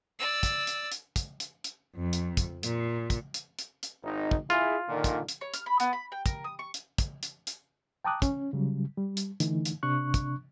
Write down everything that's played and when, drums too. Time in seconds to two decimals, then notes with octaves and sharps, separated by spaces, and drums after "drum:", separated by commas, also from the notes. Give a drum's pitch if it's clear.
0.19 D5 E6
0.43 drum: kick, hi-hat
0.67 drum: hi-hat
0.92 drum: hi-hat
1.16 drum: kick, hi-hat
1.40 drum: hi-hat
1.64 drum: hi-hat
1.96 F2
2.13 drum: hi-hat
2.37 drum: kick, hi-hat
2.63 A#2, drum: hi-hat
3.10 drum: kick, hi-hat
3.34 drum: hi-hat
3.59 drum: hi-hat
3.83 drum: hi-hat
4.03 G#1 D#4
4.31 drum: kick
4.50 E4 F4 G#4
4.89 A#2 D3 D#3
5.04 drum: kick, hi-hat
5.29 drum: hi-hat
5.41 C#5
5.54 F6, drum: hi-hat
5.66 B5
5.80 B3, drum: hi-hat
5.93 B5
6.12 G5
6.26 A#4, drum: kick, hi-hat
6.44 D#6
6.59 C#6
6.74 drum: hi-hat
6.98 drum: kick, hi-hat
7.23 drum: hi-hat
7.47 drum: hi-hat
8.05 G5 A5 A#5 D6 D#6 F#6
8.22 C#4, drum: kick, hi-hat
8.53 C#3 F#3 G3
8.97 G3
9.17 drum: hi-hat
9.40 D3 E3 A3 D#4, drum: hi-hat
9.65 drum: hi-hat
9.83 C3 D4 C#6 F#6
10.14 drum: kick, hi-hat